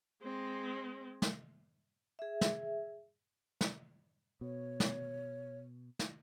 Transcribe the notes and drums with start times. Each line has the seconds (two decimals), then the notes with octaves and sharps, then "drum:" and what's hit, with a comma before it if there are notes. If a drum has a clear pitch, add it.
0.22 G#3 C4
1.22 drum: snare
2.19 G#4 E5
2.41 drum: snare
3.61 drum: snare
4.41 B2 C#5
4.80 drum: snare
5.99 drum: snare